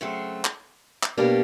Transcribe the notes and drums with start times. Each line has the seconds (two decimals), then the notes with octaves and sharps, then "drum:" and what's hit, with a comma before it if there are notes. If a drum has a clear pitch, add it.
0.01 C#3 F#3 A3 C4
0.45 drum: clap
1.03 drum: clap
1.17 B2 G3 A#3 D4 G4